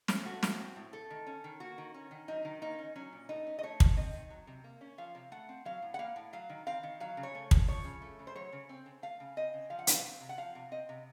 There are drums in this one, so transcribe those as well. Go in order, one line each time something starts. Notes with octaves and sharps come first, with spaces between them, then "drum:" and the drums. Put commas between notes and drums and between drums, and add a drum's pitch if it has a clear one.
C#4, drum: snare
A3 F#4
A2, drum: snare
C4
A2
A3 A4
D#3
C#4
D#3
A#3 F#4
D#3
C#4
D#3
F#3 D#4
D#3
A#3 D#4
C#4
F#3 C#4
A#2
A3 D#4
C#4
D#5
A3 C#5
D#3, drum: kick
C4 D#5
D#3
F#3
C3
A#3
C#4
F3 F5
C3
A3 F#5
C4
F#3 F5
A2
F#5
A#3 F5
A2
F#3 F5
D#3
C4 F5
D#3
F#3 F5
C#3
C#5
A3
C#3, drum: kick
F3 C#5
C#3
A3
C#3
C5
F#3 C#5
C#3
C4
C#3
A3 F5
C#3
C4 D#5
C#3
F3 F5
F#5
C3 F5, drum: hi-hat
C4
C3
F#5
F3 F5
C3
C4 D#5
C3